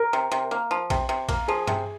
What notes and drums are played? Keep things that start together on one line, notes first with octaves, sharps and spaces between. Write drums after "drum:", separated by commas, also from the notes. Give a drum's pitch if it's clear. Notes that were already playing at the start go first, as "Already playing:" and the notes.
Already playing: A#4
C3
C3
A#3
F3
C3, drum: kick A#1, cymbal
C3
A#3, drum: kick A#1, cymbal
F3 G#4
C3, drum: tom G2